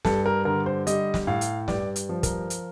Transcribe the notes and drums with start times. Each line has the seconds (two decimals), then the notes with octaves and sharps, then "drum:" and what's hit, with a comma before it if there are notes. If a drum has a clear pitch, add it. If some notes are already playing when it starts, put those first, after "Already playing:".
0.05 G2 A4, drum: snare
0.26 A#4
0.45 D3 A#4
0.66 C5
0.87 G3 D#5, drum: hi-hat
1.14 drum: snare
1.27 A2 F5
1.41 drum: hi-hat
1.68 G2 D5, drum: snare
1.96 drum: hi-hat
2.09 F3
2.23 A#4, drum: kick, hi-hat
2.50 drum: hi-hat